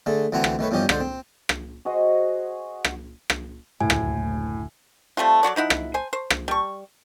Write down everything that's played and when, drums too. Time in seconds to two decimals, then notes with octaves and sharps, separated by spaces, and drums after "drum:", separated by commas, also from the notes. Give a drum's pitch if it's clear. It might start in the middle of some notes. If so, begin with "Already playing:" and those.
0.06 D3 A3 G#4
0.32 D2 E3 C4 F#5 G#5 A#5
0.44 drum: rim click
0.59 D#3 A3 B4 C#5
0.71 E2 G2 F3 C#4 G4 D#5
0.89 G#2 D3 C5, drum: rim click
1.01 C4
1.49 drum: rim click
1.85 F#4 G#4 C5 D#5
2.84 drum: rim click
3.30 drum: rim click
3.80 F#1 D2 A2 G#5
3.90 drum: rim click
5.17 G3 A3 C4 F4
5.43 F#3 B3 F#4 D5
5.56 F3 D#4 E4 F#5
5.70 drum: rim click
5.94 C5 G#5
6.13 C5
6.30 drum: rim click
6.48 G3 C#6